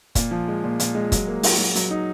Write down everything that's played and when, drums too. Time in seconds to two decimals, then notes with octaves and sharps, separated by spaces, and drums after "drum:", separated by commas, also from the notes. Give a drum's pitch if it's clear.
0.15 A#2, drum: kick, hi-hat
0.31 F3
0.48 G#3
0.64 A#2
0.80 A#2, drum: hi-hat
0.95 G#3
1.12 F#3, drum: kick, hi-hat
1.28 A#3
1.43 F#3, drum: open hi-hat
1.59 F#3
1.75 F#3, drum: hi-hat
1.91 D#4